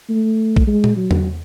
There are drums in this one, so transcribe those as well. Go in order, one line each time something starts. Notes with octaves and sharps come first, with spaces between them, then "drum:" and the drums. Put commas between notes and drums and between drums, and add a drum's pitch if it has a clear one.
A3
drum: kick
G#3
drum: tom A#2
F#3
drum: tom E2